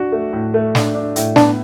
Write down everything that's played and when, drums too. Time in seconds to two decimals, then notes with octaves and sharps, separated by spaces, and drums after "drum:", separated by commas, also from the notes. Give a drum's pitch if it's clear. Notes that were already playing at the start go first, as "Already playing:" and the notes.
Already playing: D4 F#4
0.12 A3
0.33 A2
0.54 A3
0.75 D4, drum: snare
0.95 D4
1.16 A2, drum: hi-hat
1.36 B3 D4, drum: snare